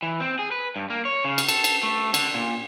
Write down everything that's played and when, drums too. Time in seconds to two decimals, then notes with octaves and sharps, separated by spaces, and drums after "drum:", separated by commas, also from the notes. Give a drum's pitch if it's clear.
0.03 E3
0.20 C4
0.39 G#4
0.52 B4
0.76 G2
0.90 A#3
1.05 C#5
1.25 C#3
1.38 drum: cymbal
1.49 A4, drum: cymbal
1.64 drum: cymbal
1.83 A3
2.14 D3, drum: cymbal
2.34 A#2